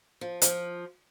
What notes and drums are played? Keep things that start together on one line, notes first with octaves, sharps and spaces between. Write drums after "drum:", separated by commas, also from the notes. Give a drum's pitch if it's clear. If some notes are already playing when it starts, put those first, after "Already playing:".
F3
F3, drum: hi-hat